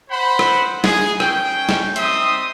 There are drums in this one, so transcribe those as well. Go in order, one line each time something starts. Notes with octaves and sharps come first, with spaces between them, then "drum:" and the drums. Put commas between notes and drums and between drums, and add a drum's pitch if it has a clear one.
C5 F#5 B5
drum: rim click
G#4, drum: snare
C#4 G5, drum: rim click
drum: snare
G3 C4 D#4 E5 C6 D#6, drum: hi-hat